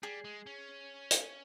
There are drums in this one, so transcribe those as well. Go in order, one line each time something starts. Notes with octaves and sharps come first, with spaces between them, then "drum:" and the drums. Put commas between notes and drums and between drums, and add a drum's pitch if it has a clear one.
G3 G#4
G#3
C#4
drum: hi-hat